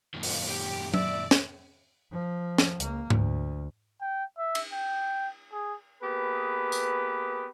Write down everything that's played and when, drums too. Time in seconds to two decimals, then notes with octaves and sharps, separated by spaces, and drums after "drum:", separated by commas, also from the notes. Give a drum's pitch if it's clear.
0.14 F#2 A#2 D#3
0.23 drum: open hi-hat
0.46 G4
0.94 D5 E5, drum: tom F#3
1.31 drum: snare
2.11 F3
2.58 drum: snare
2.80 C#2 A#3, drum: hi-hat
3.10 D2, drum: tom G#2
4.01 G5
4.38 E5
4.55 drum: cymbal
4.73 G5
5.53 G#4
6.02 A#3 B3 G4 G#4 B4
6.72 drum: tambourine